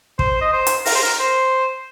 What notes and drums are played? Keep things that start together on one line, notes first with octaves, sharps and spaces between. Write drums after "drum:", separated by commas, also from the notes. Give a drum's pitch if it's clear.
C5, drum: kick
D#5
C5
drum: hi-hat
A#4, drum: open hi-hat
C5
A#4
C5